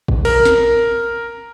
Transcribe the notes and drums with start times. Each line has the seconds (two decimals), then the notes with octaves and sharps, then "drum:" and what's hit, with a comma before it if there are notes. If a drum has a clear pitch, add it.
0.08 drum: kick
0.25 A#4, drum: cymbal
0.45 drum: snare